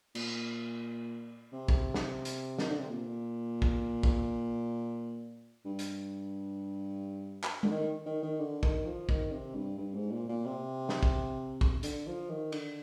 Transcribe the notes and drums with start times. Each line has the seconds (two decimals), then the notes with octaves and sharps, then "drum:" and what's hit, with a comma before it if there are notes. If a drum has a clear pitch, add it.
0.15 A#2, drum: cymbal
1.53 C3
1.68 drum: kick
1.94 drum: snare
2.25 drum: hi-hat
2.58 D#3, drum: snare
2.69 D3
2.79 C3
2.90 A#2
3.62 drum: kick
4.03 drum: kick
5.65 G2
5.79 drum: hi-hat
7.44 drum: clap
7.63 D3, drum: tom
7.71 D#3
8.06 D#3
8.23 D#3
8.40 D3
8.63 D#3, drum: kick
8.86 F3
9.09 D#3, drum: kick
9.31 C3
9.55 G2
9.78 G2
9.94 G#2
10.12 A#2
10.29 A#2
10.46 C3
10.89 drum: snare
11.03 drum: kick
11.61 drum: kick
11.83 D3, drum: hi-hat
12.07 F3
12.29 D#3
12.52 D3, drum: cymbal